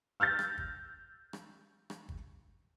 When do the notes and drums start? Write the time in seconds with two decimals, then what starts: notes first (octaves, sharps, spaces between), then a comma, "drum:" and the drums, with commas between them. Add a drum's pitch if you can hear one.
0.20 E6 F6 G6 A6 A#6
0.39 drum: rim click
0.58 drum: kick G1
1.33 drum: rim click
1.90 drum: rim click
2.09 drum: kick G1